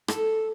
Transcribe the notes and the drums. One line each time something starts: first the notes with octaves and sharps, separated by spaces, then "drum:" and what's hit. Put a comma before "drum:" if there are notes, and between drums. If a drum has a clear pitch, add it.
A4, drum: rim click